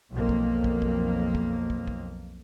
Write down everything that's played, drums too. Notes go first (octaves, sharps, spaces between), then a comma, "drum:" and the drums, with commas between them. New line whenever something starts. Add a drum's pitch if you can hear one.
B1 F2 A#3
drum: kick
drum: kick
drum: kick
drum: kick
drum: kick
drum: kick